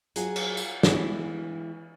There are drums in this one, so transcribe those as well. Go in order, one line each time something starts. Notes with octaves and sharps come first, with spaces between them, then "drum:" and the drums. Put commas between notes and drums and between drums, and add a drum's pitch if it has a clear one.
F#3 F4 G#4, drum: hi-hat
drum: cymbal
drum: tambourine
E3 G#3 B3 E4, drum: snare